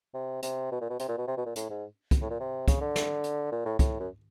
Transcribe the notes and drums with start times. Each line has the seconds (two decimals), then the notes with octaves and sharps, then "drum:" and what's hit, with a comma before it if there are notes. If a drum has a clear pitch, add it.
0.14 C3
0.42 C3, drum: hi-hat
0.71 B2
0.81 A#2
0.89 B2
0.99 C3, drum: hi-hat
1.08 A#2
1.18 B2
1.27 C3
1.37 B2
1.46 A#2
1.56 A2, drum: hi-hat
1.70 G#2
2.11 drum: kick, hi-hat
2.21 A2
2.30 A#2
2.40 C3
2.68 C#3, drum: kick, hi-hat
2.81 D3
2.96 drum: snare
3.24 drum: hi-hat
3.52 A#2
3.65 A2
3.79 A2, drum: kick, hi-hat
4.00 F#2